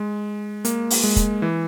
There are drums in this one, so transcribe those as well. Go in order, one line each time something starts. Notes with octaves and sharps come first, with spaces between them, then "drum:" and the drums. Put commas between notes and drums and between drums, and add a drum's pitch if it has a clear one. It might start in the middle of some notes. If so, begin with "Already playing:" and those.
Already playing: G#3
A#3, drum: hi-hat
drum: open hi-hat
G#3
drum: kick, hi-hat
E3